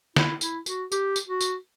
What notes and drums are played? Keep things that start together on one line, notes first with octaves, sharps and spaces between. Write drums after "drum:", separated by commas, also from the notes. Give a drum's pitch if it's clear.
E4, drum: snare
E4, drum: tambourine
F#4, drum: tambourine
G4, drum: tambourine
drum: tambourine
F#4
drum: tambourine